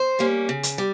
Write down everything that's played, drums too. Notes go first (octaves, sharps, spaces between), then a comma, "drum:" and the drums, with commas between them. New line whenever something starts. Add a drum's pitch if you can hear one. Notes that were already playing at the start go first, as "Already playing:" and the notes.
Already playing: C5
G3 A#3 C#4
C#3
drum: hi-hat
G3